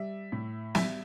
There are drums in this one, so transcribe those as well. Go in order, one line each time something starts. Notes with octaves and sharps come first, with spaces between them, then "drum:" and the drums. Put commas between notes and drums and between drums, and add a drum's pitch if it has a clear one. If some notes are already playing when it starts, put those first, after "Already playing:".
Already playing: G3 E5
A2
G3 E5, drum: snare